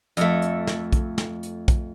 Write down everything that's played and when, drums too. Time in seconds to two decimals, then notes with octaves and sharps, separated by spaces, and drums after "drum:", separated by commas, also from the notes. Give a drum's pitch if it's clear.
0.17 F2 A3, drum: hi-hat
0.42 drum: hi-hat
0.67 drum: snare
0.93 drum: kick, hi-hat
1.18 drum: snare
1.43 drum: hi-hat
1.68 drum: kick, hi-hat